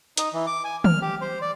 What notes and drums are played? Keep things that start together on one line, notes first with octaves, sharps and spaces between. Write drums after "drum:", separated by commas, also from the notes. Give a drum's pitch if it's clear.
D#4, drum: hi-hat
E3
D6
G#5
F6, drum: tom
G4
C5
D5